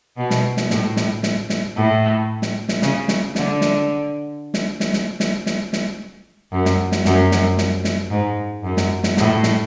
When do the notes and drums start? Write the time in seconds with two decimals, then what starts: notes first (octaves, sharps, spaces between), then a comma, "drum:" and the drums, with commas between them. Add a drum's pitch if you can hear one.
0.17 B2
0.30 drum: snare
0.57 drum: snare
0.70 A2, drum: snare
0.97 drum: snare
1.23 drum: snare
1.50 drum: snare
1.76 A2
2.42 drum: snare
2.69 drum: snare
2.82 C#3, drum: snare
3.08 drum: snare
3.35 D3, drum: snare
3.61 drum: snare
4.54 drum: snare
4.80 drum: snare
4.93 drum: snare
5.20 drum: snare
5.46 drum: snare
5.73 drum: snare
6.52 F#2
6.65 drum: snare
6.92 drum: snare
7.05 F#2, drum: snare
7.32 drum: snare
7.58 drum: snare
7.84 drum: snare
8.11 G#2
8.64 F#2
8.77 drum: snare
9.03 drum: snare
9.17 A2, drum: snare
9.43 drum: snare